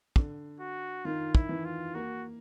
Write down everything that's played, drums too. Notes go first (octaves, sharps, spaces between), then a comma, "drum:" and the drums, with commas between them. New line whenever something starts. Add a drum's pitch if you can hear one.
D3, drum: kick
F#4
D#3 F4
E4, drum: kick
E3
F4
A#3 F#4